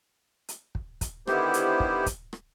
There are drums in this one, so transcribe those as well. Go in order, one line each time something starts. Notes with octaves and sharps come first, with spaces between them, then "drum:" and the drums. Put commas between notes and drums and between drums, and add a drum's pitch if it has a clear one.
drum: hi-hat
drum: kick
drum: kick, hi-hat
D3 D#3 B3 E4 G4 C5, drum: rim click
drum: hi-hat
drum: kick
drum: kick, hi-hat
drum: rim click